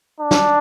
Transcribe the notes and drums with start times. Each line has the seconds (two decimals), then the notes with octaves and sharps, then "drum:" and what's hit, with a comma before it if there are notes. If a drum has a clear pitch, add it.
0.20 D4
0.31 drum: snare